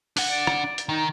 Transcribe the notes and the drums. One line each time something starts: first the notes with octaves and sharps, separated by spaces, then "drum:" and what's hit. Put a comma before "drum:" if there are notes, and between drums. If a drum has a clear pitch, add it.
D4 F#5, drum: open hi-hat
D5
drum: rim click
drum: hi-hat
D#3 D#4